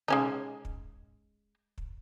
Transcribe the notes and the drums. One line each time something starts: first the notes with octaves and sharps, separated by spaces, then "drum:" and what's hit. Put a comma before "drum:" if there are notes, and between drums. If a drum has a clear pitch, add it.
G#3 C#4 D#4, drum: tom B2
drum: kick
drum: kick